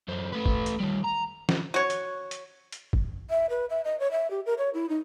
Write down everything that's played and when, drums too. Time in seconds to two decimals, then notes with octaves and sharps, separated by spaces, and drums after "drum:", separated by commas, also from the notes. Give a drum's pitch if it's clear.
0.08 F#2 C4
0.32 A3 B4
0.46 drum: kick
0.66 drum: hi-hat
0.80 D#3 G3
1.04 A#5
1.49 drum: snare
1.74 F#4 C#5
1.90 drum: hi-hat
2.31 drum: hi-hat
2.72 drum: hi-hat
2.93 drum: kick
3.30 E5
3.50 B4
3.70 E5
3.85 D#5
4.00 C#5
4.11 E5
4.31 G4
4.46 A#4
4.58 C#5
4.74 E4
4.89 D#4